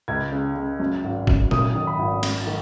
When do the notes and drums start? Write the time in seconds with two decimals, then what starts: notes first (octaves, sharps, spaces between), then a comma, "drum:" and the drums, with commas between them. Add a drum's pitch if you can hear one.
0.08 C#2 G#6
0.32 C#3
0.56 C#3
0.80 F#2
1.04 G#1
1.27 F#2, drum: kick G1
1.51 F#2 D#6, drum: tom A#2
1.75 D#3
1.87 B5
1.99 G#1
2.23 F#2, drum: cymbal
2.47 D#3